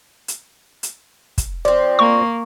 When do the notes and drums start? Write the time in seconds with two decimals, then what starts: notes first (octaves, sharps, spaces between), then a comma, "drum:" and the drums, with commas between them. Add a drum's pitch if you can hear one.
0.28 drum: hi-hat
0.83 drum: hi-hat
1.38 drum: kick, hi-hat
1.65 F3 C4 D5
1.99 A#3 C#6